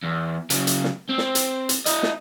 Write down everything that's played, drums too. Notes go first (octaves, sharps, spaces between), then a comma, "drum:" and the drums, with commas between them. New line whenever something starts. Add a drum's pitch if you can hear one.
E2
C#3 F#3, drum: hi-hat
drum: hi-hat
drum: snare
C4
drum: snare
drum: hi-hat
drum: hi-hat
E4 D#5, drum: hi-hat
drum: snare